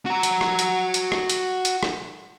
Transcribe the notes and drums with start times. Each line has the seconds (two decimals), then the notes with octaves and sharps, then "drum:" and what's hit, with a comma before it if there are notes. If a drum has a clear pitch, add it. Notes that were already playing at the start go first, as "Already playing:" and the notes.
0.06 F#4 A#5
0.23 drum: hi-hat
0.41 drum: rim click
0.59 drum: hi-hat
0.94 drum: hi-hat
1.12 drum: rim click
1.30 drum: hi-hat
1.65 drum: hi-hat
1.83 drum: rim click